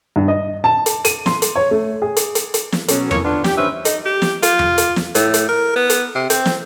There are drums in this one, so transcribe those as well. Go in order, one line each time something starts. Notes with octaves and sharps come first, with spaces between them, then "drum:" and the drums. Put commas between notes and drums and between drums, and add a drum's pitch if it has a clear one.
G2
D#5
A5
drum: hi-hat
D#7, drum: hi-hat
C6, drum: snare
drum: hi-hat
C#5
A3
G#4
drum: hi-hat
drum: hi-hat
drum: hi-hat
drum: snare
B2 F#3 C#4, drum: hi-hat
F2 E3 A#3 B3 C#5, drum: tom E2
D3 B3 D4 F4
G4, drum: snare
G2 D#3 C#4 B4 C5 E5
D#4, drum: hi-hat
G4
drum: snare
F4, drum: hi-hat
drum: tom E2
drum: hi-hat
drum: snare
A2, drum: hi-hat
drum: hi-hat
A#4
B3
drum: hi-hat
C3
C4, drum: hi-hat
drum: snare